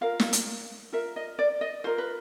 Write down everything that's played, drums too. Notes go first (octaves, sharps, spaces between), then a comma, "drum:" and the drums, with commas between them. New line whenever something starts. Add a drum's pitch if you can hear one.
F4 A#4 F5
drum: snare
drum: hi-hat
F4 A#4 E5
D#5
D5
D#5
F4 A#4 C5
B4